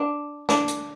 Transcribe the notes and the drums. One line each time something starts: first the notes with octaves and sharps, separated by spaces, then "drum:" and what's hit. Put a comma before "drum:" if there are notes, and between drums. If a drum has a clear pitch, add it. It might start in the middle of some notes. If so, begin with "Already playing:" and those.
Already playing: D4
D4, drum: snare
drum: hi-hat